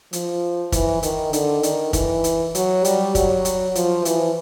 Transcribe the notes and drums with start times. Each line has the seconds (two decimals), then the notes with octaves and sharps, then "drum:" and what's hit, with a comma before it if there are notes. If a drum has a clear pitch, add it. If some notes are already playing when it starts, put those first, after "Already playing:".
0.13 F3, drum: hi-hat
0.72 E3, drum: kick, hi-hat
1.03 D#3, drum: hi-hat
1.33 D3, drum: hi-hat
1.63 D#3, drum: hi-hat
1.93 E3, drum: kick, hi-hat
2.24 drum: hi-hat
2.55 F#3, drum: hi-hat
2.85 G3, drum: hi-hat
3.15 F#3, drum: kick, hi-hat
3.45 drum: hi-hat
3.75 F3, drum: hi-hat
4.05 E3, drum: hi-hat